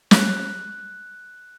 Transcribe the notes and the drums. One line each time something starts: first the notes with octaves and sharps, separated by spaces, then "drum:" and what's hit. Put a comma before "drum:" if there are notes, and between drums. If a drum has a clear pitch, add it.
F#6, drum: snare